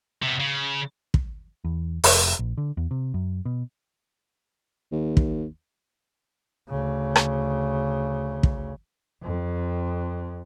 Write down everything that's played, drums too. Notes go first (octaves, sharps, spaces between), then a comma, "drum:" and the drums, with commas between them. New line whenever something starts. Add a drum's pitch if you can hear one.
C3 B3
C#3
drum: kick
E2
F1, drum: open hi-hat
A#1
D3
E2
C3
F#2
B2
D#2
drum: kick
D2 C#3
drum: rim click
drum: kick
F2